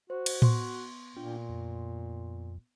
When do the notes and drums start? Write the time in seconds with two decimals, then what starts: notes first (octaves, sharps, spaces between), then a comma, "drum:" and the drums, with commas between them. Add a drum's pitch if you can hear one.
0.10 F#4 C5
0.26 drum: cymbal
0.42 B3 C6 C#6, drum: tom A2
1.16 A#2 D4 F4 G5
1.49 F2